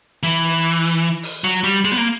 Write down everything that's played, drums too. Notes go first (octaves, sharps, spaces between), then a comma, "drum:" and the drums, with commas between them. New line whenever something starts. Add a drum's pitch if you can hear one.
E3
drum: hi-hat
drum: open hi-hat
F#3
G3
G#3
B3
A#3